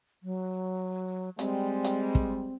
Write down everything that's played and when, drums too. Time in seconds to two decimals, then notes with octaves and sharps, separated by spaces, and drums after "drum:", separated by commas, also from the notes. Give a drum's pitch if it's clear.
0.23 F#3
1.39 G3 G#3 C4, drum: hi-hat
1.84 drum: hi-hat
2.15 drum: kick